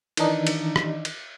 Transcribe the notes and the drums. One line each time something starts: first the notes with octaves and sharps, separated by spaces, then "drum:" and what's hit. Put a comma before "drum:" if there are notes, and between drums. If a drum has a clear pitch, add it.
D#3 E3 D4 D#4, drum: cymbal
drum: cymbal
drum: rim click
drum: cymbal